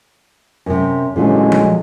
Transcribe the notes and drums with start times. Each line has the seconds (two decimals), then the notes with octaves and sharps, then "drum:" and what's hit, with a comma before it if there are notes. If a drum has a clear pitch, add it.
0.66 F#2 C3
1.16 A1 A#2 D3 F#3 G#3
1.52 drum: tom F3